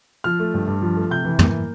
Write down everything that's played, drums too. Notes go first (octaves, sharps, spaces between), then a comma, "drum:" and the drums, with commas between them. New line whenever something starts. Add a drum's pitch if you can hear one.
F3 F6
A3
G2
G2
F3
A3
C3 G6
E3
A#3, drum: tom